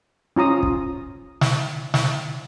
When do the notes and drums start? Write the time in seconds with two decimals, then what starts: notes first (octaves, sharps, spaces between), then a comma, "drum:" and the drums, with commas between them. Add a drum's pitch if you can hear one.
0.36 C#4 F4 A#5 D#6
0.63 drum: kick
1.41 drum: snare
1.94 drum: snare